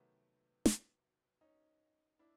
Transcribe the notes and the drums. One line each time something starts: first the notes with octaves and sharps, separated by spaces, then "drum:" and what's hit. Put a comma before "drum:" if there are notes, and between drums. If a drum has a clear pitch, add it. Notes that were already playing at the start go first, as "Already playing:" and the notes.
Already playing: C3 D#3 F#3 A3 B3
drum: snare
C#4 D#4
D4 E4